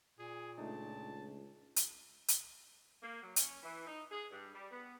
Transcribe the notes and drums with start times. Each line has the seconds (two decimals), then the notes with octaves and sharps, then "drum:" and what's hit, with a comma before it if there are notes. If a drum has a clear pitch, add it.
0.19 A#2 G#4
0.58 C#2 A3 D4 D#4 A5
1.76 drum: hi-hat
2.28 drum: hi-hat
3.02 A#3
3.22 F#3
3.36 C#4, drum: hi-hat
3.62 E3
3.87 D#4
4.11 G#4
4.31 G2
4.54 G3
4.71 B3